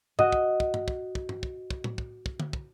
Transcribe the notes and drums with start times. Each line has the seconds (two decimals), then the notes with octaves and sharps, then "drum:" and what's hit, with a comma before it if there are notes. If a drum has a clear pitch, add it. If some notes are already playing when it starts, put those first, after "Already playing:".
0.19 F#4 D#5, drum: tom G2
0.32 drum: kick
0.60 drum: kick
0.74 drum: tom G2
0.88 drum: kick
1.15 drum: kick
1.29 drum: tom G2
1.43 drum: kick
1.71 drum: kick
1.84 drum: tom A2
1.98 drum: kick
2.26 drum: kick
2.40 drum: tom D3
2.53 drum: kick